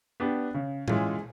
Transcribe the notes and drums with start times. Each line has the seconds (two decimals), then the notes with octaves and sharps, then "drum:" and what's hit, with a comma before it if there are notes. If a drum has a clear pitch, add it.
0.20 B3 D4 G4
0.54 C#3
0.88 E3 G#3 C#4 F4, drum: tom A2